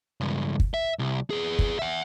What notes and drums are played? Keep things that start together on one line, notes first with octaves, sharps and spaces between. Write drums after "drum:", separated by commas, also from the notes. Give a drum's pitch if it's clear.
C#2 G2
drum: kick
E5
C2
B3 G#4
drum: kick
E5 F#5